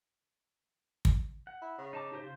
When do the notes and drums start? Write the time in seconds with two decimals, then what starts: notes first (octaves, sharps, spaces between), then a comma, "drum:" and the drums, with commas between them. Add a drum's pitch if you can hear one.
1.05 drum: kick
1.47 F#5
1.62 E4
1.78 C#3
1.93 D#4 A5 D6
2.11 D#4 G4 C5
2.23 C#3 F4 C5